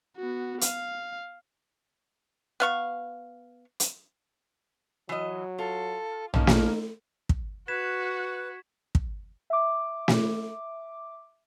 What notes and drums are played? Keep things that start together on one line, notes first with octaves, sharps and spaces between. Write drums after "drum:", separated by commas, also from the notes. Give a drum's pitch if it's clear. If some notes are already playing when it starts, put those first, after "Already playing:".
B3 F#4
F5, drum: hi-hat
B3 F5 C#6
drum: hi-hat
E3 F#3 D#5
F4 A4
F3 A#3 C#4 D#4, drum: tom A#1
drum: snare
drum: kick
F#4 B4 G#6 B6 E7
drum: kick
E5 D6
drum: snare